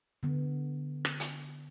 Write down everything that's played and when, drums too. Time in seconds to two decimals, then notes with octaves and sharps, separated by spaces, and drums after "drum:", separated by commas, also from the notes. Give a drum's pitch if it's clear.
0.23 D3 B3
1.05 drum: rim click
1.20 drum: hi-hat